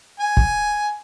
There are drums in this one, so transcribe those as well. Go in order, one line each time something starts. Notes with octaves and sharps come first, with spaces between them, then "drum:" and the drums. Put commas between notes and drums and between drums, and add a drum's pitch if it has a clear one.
G#5
drum: kick